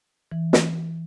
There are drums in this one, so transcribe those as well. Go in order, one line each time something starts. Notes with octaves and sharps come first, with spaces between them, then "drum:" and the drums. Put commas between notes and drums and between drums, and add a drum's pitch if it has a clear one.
E3
drum: snare